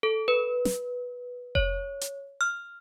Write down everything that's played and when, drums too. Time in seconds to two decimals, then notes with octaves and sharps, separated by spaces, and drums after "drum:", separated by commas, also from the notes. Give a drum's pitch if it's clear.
0.03 A4
0.28 B4
0.65 drum: snare
1.55 C#5, drum: kick F1
2.01 drum: hi-hat
2.41 F6